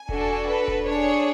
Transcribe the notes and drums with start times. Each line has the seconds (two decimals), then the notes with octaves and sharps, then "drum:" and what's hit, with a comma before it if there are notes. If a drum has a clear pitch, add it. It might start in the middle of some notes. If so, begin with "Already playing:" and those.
Already playing: G#5
0.09 D4 F#4 A4, drum: kick E1
0.48 B4
0.68 drum: kick E1
0.87 D4 G#4 C#5